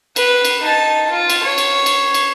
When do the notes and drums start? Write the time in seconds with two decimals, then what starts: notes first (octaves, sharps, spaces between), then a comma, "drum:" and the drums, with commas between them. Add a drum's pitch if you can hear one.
0.16 B4, drum: cymbal
0.45 drum: cymbal
0.61 D#4 A5
1.10 F4
1.30 drum: cymbal
1.43 C#5
1.58 drum: cymbal
1.86 drum: cymbal
2.14 drum: cymbal